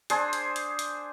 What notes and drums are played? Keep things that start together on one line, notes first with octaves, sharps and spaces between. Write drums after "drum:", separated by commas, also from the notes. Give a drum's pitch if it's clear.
D4 G#4 C5 G#5, drum: hi-hat
drum: hi-hat
drum: hi-hat
drum: hi-hat